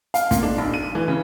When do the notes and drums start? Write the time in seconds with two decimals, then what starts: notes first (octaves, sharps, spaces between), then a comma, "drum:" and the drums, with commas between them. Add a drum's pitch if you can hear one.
0.14 F5, drum: hi-hat
0.31 A#2, drum: kick, hi-hat
0.43 D4
0.58 B1
0.74 D#7
0.95 E3
1.08 C#3